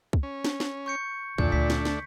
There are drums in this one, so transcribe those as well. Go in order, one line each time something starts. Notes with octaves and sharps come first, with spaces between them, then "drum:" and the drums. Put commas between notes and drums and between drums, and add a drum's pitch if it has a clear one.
drum: kick
C#4
drum: snare
drum: snare
C#6 G6 C#7
F2 A#2 D#3 A3 D4 G6, drum: kick
D2 B6
drum: snare
drum: snare